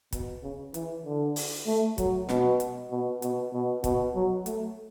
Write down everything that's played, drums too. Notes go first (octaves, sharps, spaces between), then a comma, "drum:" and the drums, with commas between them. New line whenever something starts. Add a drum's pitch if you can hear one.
B2, drum: kick, hi-hat
C#3
E3, drum: hi-hat
D3
drum: open hi-hat
A3
F#3, drum: kick, hi-hat
B2, drum: snare
drum: hi-hat
B2
B2, drum: hi-hat
B2
B2, drum: kick, hi-hat
F#3
A3, drum: hi-hat